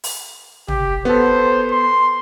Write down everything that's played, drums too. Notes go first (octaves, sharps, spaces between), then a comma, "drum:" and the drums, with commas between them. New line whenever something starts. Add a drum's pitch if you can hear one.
drum: open hi-hat
G4, drum: tom
B3 A4 C5
C6